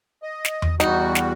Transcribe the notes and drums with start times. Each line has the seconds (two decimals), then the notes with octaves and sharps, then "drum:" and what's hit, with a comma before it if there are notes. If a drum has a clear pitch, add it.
0.23 D#5
0.45 drum: snare
0.62 drum: tom E2
0.80 E2 G3 D#4 F#4, drum: snare
1.15 drum: snare